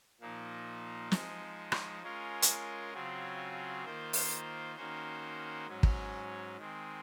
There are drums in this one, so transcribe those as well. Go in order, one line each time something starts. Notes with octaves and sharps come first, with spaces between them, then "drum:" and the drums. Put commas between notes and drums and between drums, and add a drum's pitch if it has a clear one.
A#2 F3 A#3 D#4
F3 G#3 D#4, drum: snare
drum: rim click
G#3 C#4 F4 A#4 C#5
drum: hi-hat
C#3 F#3 C4 F4 G#4
D#3 A#3 F4 C5
drum: open hi-hat
D#3 A#3 C#4 F#4 C5
G#2 F#3 C#4
drum: kick
D#3 G#3 C4